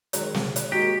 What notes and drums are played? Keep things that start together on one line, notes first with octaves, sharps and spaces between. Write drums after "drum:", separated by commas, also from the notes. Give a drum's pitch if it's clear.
D#3 F#3 G#3, drum: hi-hat
drum: snare
drum: hi-hat
G#3 A#3 D#4 F#4 G4